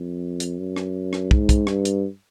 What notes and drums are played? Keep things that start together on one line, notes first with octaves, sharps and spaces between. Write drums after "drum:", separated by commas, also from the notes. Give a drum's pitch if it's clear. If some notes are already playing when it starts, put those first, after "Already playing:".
Already playing: F2
drum: hi-hat
F#2
drum: rim click
drum: rim click
G#2, drum: kick
drum: kick, hi-hat
G2, drum: rim click
drum: hi-hat